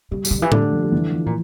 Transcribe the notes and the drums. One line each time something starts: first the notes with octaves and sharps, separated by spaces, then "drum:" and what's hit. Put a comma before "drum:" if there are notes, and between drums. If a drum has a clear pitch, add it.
C#3 G3
G3, drum: tambourine
D3
E3 G3
D3 A3, drum: tom A2
A3
F3
G3
E3
F3
A#2